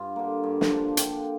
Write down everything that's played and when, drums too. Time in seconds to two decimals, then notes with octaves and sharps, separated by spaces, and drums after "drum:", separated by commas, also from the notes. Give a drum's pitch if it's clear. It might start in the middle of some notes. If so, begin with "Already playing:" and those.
Already playing: G2 F4
0.16 D3 A#3
0.44 G2
0.61 drum: snare
0.71 F3 D4
0.97 D3 G4, drum: hi-hat